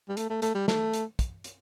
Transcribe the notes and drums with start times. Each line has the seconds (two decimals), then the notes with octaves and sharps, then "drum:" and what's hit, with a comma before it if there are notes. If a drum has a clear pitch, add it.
0.09 G3
0.17 A3, drum: hi-hat
0.30 A3
0.42 A3, drum: hi-hat
0.55 G3
0.68 A3, drum: snare
0.93 drum: hi-hat
1.19 drum: kick, hi-hat
1.44 drum: hi-hat